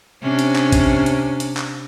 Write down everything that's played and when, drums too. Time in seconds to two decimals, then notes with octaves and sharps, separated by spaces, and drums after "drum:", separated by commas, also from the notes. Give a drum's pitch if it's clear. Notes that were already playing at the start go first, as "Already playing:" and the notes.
0.22 C3 C#4 D4
0.39 drum: hi-hat
0.56 drum: clap
0.72 drum: kick, hi-hat
1.06 drum: hi-hat
1.40 drum: hi-hat
1.57 drum: clap